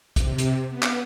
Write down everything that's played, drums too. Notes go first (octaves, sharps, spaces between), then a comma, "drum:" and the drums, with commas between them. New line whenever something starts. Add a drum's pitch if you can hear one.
C3, drum: kick, hi-hat
drum: hi-hat
B3
drum: clap